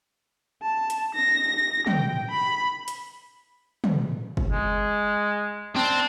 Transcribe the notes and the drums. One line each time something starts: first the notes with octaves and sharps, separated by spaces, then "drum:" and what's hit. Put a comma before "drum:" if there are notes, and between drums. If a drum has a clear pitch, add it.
A5
drum: hi-hat
A#6
G5, drum: tom
B5
drum: hi-hat
drum: tom
drum: kick
G#3
C4 D4